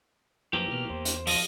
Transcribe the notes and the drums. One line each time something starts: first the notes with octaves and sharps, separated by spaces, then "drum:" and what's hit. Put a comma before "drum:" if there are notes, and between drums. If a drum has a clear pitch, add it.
F#2 E3 F3 A#3 G4
B2 E3 F6
E2 C5
drum: hi-hat
F3 D#5, drum: open hi-hat